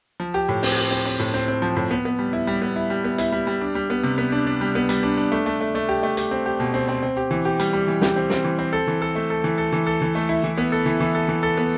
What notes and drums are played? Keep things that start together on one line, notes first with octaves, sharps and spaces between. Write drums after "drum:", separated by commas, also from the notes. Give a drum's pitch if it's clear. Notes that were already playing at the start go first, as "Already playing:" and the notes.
F3
G4
A2
C4, drum: open hi-hat
G4
C4
C4
A2
C4
C4
F3
A2
B3
B3
G3
E4
G3
B3
E4
G3
B3
E4, drum: hi-hat
G3
G3
D4
G3
B3
C3
B3
D4
D4
G3
B3
G3, drum: hi-hat
D4
D4
A3
A3
A3
A3
G4
A3
G4, drum: hi-hat
C4
G4
B2
C4
C4
C4
G4
E3
G4
G3, drum: hi-hat
G3
E3
G4, drum: snare
C4
C4, drum: snare
E3
C4
A4
E3
A4
A3
A4
E3
A4
E3
A4
E3
A3
E4
E3
B3
A4
E3
E3
A4
E3
A4
B3